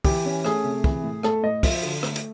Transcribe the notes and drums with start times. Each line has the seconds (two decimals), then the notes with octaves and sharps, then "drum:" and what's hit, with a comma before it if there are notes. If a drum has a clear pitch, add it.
0.05 E3 G4, drum: kick, open hi-hat
0.25 C#4
0.45 A3 G#4, drum: rim click
0.64 C3
0.84 E3, drum: kick
1.04 A2
1.23 A3 A4, drum: rim click
1.43 A2 D#5
1.63 F3 E5, drum: kick, open hi-hat
1.83 D3
2.03 A3, drum: rim click
2.16 drum: hi-hat